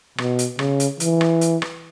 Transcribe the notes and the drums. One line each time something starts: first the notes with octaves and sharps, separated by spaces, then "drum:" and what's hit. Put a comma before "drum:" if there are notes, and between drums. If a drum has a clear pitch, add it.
B2, drum: rim click
drum: hi-hat
C#3, drum: rim click
drum: hi-hat
E3, drum: hi-hat
drum: rim click
drum: hi-hat
drum: rim click